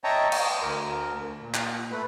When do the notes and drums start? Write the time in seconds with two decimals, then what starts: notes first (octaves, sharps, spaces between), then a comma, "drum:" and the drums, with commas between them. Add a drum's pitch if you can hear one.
0.04 C#5 D#5 E5 G5 A5 A#5
0.32 G5 D#6, drum: cymbal
0.61 D2 A#4
1.41 A#2
1.54 drum: clap
1.91 A3 B4